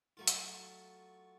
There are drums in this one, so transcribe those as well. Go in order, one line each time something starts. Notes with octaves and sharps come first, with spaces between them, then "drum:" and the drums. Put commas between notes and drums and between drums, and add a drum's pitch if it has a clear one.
F#3 A3 F4
drum: hi-hat